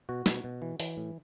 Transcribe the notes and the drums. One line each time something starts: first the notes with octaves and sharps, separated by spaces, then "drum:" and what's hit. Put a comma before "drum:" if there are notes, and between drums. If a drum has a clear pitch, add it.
B2 F#4
B2, drum: snare
B2
E3
E3, drum: open hi-hat
A2